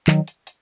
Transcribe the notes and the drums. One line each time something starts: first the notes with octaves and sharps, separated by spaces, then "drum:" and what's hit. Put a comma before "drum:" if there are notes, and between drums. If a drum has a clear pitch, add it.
D#3 F#3, drum: clap
drum: hi-hat
drum: hi-hat